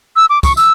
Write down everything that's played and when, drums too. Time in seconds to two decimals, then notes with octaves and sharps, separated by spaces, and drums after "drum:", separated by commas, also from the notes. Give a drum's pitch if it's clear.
0.16 E6
0.30 D6
0.43 C#6, drum: kick, tambourine
0.57 E6, drum: tambourine